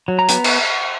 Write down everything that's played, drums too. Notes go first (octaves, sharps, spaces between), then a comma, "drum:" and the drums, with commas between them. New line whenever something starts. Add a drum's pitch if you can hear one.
F#3
A#5
B3, drum: hi-hat
drum: cymbal